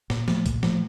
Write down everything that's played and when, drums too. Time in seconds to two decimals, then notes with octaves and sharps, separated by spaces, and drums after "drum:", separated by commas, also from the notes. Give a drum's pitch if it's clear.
0.10 A#2, drum: snare
0.28 F3 A3, drum: snare
0.46 A#2, drum: kick, hi-hat
0.63 F3 A3, drum: snare